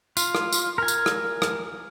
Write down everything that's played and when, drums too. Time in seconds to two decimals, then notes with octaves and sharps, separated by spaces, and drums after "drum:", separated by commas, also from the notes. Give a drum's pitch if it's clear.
0.17 F4, drum: tambourine
0.35 drum: rim click
0.52 drum: tambourine
0.78 A#4 G#5
0.88 drum: tambourine
1.06 drum: rim click
1.42 drum: rim click